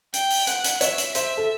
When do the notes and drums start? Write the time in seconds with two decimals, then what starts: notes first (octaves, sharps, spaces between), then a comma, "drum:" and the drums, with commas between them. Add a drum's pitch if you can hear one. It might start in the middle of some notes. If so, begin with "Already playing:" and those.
0.14 G5, drum: hi-hat
0.30 drum: open hi-hat
0.47 F#5, drum: hi-hat
0.64 drum: hi-hat
0.81 C#5 E5, drum: hi-hat
0.98 drum: hi-hat
1.15 C5 E5, drum: hi-hat
1.37 A4